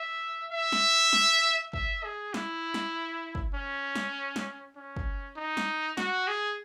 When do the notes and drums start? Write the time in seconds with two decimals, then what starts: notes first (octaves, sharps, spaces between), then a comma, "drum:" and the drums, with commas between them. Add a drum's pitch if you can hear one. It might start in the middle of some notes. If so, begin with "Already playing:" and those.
Already playing: E5
0.52 E5
0.72 drum: snare
1.13 drum: snare
1.73 E5, drum: kick
2.04 G#4
2.34 E4, drum: snare
2.74 drum: snare
3.35 drum: kick
3.55 C#4
3.95 drum: snare
4.36 drum: snare
4.76 C#4
4.96 drum: kick
5.37 D#4
5.57 drum: snare
5.97 F#4, drum: snare
6.28 G#4